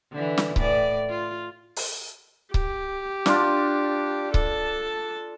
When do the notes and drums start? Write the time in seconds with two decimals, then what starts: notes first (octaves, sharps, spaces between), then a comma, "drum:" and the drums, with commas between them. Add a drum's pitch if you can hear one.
0.12 D3 E3
0.38 drum: snare
0.56 A2 D5, drum: kick C#1
1.09 F4
1.76 drum: open hi-hat
2.54 G4, drum: kick C#1
3.26 D4 F4, drum: snare
4.34 A4 A5, drum: kick C#1